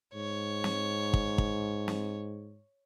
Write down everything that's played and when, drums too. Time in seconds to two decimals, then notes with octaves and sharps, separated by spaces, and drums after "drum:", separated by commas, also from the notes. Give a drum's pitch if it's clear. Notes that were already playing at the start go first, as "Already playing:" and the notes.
0.14 G#2 C#5
0.64 drum: snare
1.13 drum: kick
1.38 drum: kick
1.88 drum: snare